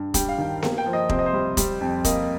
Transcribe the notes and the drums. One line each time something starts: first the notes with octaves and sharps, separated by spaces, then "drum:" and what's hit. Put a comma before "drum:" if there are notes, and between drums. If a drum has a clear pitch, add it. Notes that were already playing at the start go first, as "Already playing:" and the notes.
Already playing: G2
G3 G5, drum: kick E1, hi-hat
F5
D#3 G5
A#3, drum: snare B3
G5
F3
D#5
C3 C5, drum: kick E1
D#5
C5
G3
G3, drum: kick E1, hi-hat
F2
A#3 D#5, drum: kick E1, hi-hat